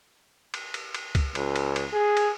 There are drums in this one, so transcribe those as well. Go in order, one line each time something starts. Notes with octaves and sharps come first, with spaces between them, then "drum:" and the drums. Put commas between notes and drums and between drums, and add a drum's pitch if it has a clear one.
drum: cymbal
drum: cymbal
drum: cymbal
drum: kick C#2, cymbal
C#2, drum: cymbal
drum: cymbal
drum: cymbal
G#4
drum: cymbal